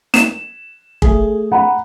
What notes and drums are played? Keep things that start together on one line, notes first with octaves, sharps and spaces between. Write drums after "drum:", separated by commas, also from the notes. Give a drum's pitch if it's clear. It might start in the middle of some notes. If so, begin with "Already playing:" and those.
E7, drum: snare
A3 G#4, drum: kick
F#5 A#5 B5